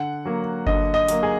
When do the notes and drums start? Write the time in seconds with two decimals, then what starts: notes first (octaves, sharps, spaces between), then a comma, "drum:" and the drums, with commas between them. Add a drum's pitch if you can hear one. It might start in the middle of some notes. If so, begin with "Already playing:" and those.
Already playing: D3 F#5
0.25 F#3 A#3
0.67 D3 D#5, drum: kick G1
0.94 D#5
1.09 F#3 A#3, drum: hi-hat
1.23 G#4